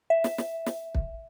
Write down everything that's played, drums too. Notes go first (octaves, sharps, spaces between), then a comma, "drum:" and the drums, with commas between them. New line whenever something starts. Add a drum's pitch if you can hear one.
E5
drum: snare
drum: snare
drum: snare
drum: kick